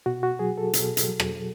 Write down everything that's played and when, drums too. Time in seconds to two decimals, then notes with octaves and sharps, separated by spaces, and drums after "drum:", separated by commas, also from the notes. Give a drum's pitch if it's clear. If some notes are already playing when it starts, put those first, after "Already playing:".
0.06 B2 F#4
0.23 F#4
0.39 F#3 G#4
0.58 A4
0.73 B2, drum: hi-hat
0.97 drum: hi-hat
1.09 F#3
1.20 drum: rim click